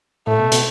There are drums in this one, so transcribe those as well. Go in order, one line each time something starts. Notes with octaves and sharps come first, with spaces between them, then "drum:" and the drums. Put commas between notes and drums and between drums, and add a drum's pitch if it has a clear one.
A2 A3
B2
B2, drum: hi-hat